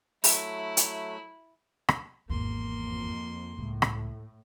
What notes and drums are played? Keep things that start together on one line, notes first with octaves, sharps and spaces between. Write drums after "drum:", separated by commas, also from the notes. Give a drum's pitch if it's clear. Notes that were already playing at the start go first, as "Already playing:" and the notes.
F#3 A3 E4, drum: open hi-hat
drum: hi-hat
drum: rim click
G#1 E2 A#3 C6
F2
C#2 A2
drum: rim click